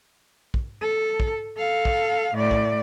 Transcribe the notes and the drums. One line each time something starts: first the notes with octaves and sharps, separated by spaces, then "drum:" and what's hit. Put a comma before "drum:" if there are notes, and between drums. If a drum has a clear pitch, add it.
drum: kick
A4
drum: kick
A4 F5
drum: kick
A2 D5
drum: kick